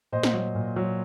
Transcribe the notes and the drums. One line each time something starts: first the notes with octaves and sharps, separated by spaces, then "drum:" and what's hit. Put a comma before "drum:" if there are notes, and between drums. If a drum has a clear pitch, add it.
A#2 C5 D#5
drum: snare
F#3
A#2
F#3